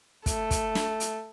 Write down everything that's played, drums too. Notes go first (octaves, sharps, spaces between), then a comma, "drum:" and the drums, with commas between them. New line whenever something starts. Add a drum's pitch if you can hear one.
A3, drum: kick, hi-hat
drum: kick, hi-hat
drum: snare
drum: hi-hat